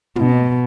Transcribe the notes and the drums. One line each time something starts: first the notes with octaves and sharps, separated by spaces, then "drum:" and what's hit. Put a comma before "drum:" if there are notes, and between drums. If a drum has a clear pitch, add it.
B2, drum: tom